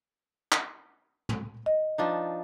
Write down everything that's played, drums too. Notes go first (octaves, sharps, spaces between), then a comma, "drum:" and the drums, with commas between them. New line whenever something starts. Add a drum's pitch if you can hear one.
drum: clap
drum: tom
D#5
F3 D4 D#4